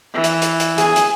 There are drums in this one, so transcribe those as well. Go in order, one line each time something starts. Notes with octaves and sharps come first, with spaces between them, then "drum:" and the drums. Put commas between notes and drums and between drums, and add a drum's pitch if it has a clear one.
E3
drum: hi-hat
drum: hi-hat
drum: hi-hat
G#4, drum: hi-hat
drum: hi-hat